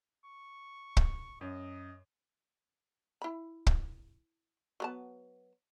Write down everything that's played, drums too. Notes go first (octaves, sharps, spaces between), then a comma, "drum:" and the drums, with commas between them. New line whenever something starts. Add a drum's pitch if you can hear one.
C#6
drum: kick
F#2 D#5
E4 B5
drum: kick
F#3 B3 A5